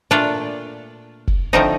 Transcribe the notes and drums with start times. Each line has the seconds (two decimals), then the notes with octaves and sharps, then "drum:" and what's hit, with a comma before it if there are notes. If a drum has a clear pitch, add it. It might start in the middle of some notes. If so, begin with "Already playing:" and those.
0.11 A#2 A3 D4 F4
1.28 drum: kick
1.53 D3 F3 A3 C4 D#4